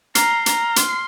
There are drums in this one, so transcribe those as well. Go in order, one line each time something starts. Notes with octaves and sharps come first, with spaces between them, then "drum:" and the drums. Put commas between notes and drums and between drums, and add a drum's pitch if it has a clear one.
A#5 F6 C7 G7, drum: hi-hat
A#5, drum: hi-hat
C6, drum: hi-hat